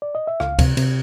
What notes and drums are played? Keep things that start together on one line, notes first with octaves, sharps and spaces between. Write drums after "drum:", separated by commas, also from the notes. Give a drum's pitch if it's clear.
D5
D#5
E5
C#2 F5, drum: rim click
C3, drum: kick D2, cymbal
C3, drum: cymbal